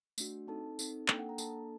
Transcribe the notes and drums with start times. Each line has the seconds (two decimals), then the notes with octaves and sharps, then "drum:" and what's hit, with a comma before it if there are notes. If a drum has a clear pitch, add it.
0.18 A3 D4 F#4, drum: tambourine
0.47 C4 D#4 A4 A5
0.79 C4 D#4 A4, drum: tambourine
1.08 A#3 D4 A4 G5, drum: clap
1.19 F#5
1.29 A#5
1.38 A#3 D4 A4 A5, drum: tambourine